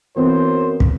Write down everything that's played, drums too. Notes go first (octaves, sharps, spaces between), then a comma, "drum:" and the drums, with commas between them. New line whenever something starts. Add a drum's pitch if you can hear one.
F#2 E3 B3 C4 C5
drum: kick